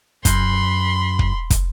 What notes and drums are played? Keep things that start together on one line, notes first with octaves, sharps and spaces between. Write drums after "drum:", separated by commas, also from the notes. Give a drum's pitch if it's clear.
F#2 B5 C6, drum: kick, hi-hat
drum: kick
drum: kick, hi-hat